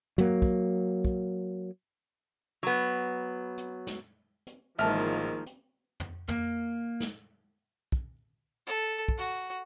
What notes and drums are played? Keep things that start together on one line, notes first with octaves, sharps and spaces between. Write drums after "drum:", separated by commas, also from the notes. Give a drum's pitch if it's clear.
F#3 A#3, drum: tom
drum: kick
drum: kick
F#3 B3
drum: hi-hat
drum: snare
drum: hi-hat
A1 D#3 F3 G#3 A#3 E5 A5 F6
drum: hi-hat
drum: hi-hat
drum: tom
A#3, drum: tom
drum: snare
drum: kick
A4
drum: kick
F#4